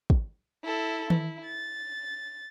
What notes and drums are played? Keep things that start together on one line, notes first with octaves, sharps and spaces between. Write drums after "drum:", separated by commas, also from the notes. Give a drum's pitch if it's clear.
drum: kick
E4 A4
E4, drum: tom D#3
A6